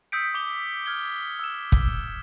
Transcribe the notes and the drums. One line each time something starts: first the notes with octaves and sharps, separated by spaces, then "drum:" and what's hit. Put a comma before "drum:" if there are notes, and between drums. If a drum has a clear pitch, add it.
D#6 E6 G6 B6 C#7 D7
D6 G7
F6 G#6 G7
E6 E7
drum: kick